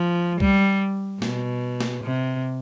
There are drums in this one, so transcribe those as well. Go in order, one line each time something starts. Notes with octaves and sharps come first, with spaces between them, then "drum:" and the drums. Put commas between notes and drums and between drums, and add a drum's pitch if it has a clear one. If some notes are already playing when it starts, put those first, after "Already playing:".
Already playing: F3
G3, drum: kick C2
B2, drum: snare
drum: snare
C3